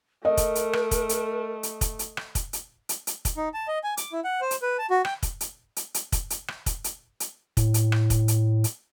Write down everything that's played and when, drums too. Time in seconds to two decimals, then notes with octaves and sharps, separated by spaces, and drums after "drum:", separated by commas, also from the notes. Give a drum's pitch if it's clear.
0.25 A3 A#4 D#5
0.37 drum: kick, hi-hat
0.55 drum: hi-hat
0.73 drum: rim click
0.91 drum: kick, hi-hat
1.09 drum: hi-hat
1.63 drum: hi-hat
1.81 drum: kick, hi-hat
1.99 drum: hi-hat
2.17 drum: rim click
2.35 drum: kick, hi-hat
2.53 drum: hi-hat
2.89 drum: hi-hat
3.07 drum: hi-hat
3.25 drum: kick, hi-hat
3.37 D#4
3.54 A5
3.68 D#5
3.84 G#5
3.97 D6, drum: hi-hat
4.12 E4
4.24 F#5
4.41 C5
4.51 drum: hi-hat
4.62 B4
4.78 A5
4.90 F#4
5.05 G5, drum: rim click
5.23 drum: kick, hi-hat
5.41 drum: hi-hat
5.76 drum: hi-hat
5.94 drum: hi-hat
6.12 drum: kick, hi-hat
6.30 drum: hi-hat
6.48 drum: rim click
6.66 drum: kick, hi-hat
6.84 drum: hi-hat
7.20 drum: hi-hat
7.57 A2, drum: kick, hi-hat
7.74 drum: hi-hat
7.92 drum: rim click
8.10 drum: kick, hi-hat
8.28 drum: hi-hat
8.64 drum: hi-hat